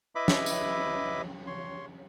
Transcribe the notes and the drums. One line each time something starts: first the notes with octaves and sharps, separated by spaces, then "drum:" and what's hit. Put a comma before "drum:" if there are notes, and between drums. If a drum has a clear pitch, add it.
E4 B4 D#5 E5 B5 D6
drum: snare
drum: tambourine
C#5 C6